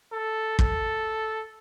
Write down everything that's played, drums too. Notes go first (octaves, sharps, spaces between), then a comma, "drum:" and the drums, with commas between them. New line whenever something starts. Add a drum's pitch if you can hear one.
A4
A4, drum: kick